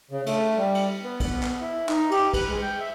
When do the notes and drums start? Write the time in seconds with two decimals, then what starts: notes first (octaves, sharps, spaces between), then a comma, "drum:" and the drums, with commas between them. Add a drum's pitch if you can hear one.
0.11 C#3
0.26 A3, drum: cymbal
0.57 G3
0.75 drum: cymbal
1.04 B3
1.20 drum: kick, cymbal
1.43 drum: clap
1.61 E4
1.89 D#4, drum: clap
2.11 G4, drum: cymbal
2.34 B4, drum: kick, cymbal
2.50 G#3
2.62 G5
2.80 E5